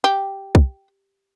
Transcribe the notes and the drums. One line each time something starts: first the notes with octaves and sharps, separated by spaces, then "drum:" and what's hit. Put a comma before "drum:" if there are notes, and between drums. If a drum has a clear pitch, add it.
G4
drum: kick